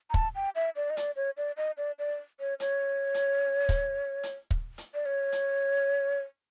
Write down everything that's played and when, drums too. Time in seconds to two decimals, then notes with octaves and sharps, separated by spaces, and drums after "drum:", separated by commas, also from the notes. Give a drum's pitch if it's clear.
0.10 A#5
0.14 A5, drum: kick
0.35 G5
0.55 E5
0.76 D5
0.90 D#5
0.97 D5, drum: hi-hat
1.16 C#5
1.37 D5
1.57 D#5
1.77 D5
1.99 D5
2.40 C#5
2.60 C#5, drum: hi-hat
3.14 drum: hi-hat
3.69 drum: kick, hi-hat
4.23 drum: hi-hat
4.51 drum: kick
4.78 drum: hi-hat
4.94 D5
5.06 C#5
5.32 drum: hi-hat